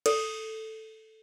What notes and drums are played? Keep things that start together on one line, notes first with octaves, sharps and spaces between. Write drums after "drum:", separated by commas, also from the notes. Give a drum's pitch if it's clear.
A4, drum: cymbal